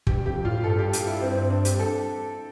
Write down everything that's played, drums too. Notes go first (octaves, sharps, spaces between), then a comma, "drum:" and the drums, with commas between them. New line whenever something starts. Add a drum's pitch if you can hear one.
G2 G4, drum: kick
F2 G4
A2 F4
G2 A4
G4
G4, drum: hi-hat
E4
C4
C4
D4
G4, drum: hi-hat
A4